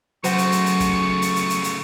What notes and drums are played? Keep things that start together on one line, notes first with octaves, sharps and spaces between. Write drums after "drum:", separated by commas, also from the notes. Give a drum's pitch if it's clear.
C#3 F#3 A3 F#4 C5 C#6, drum: hi-hat
drum: hi-hat
drum: hi-hat
drum: hi-hat
drum: kick, hi-hat
drum: hi-hat
drum: hi-hat
drum: hi-hat
drum: hi-hat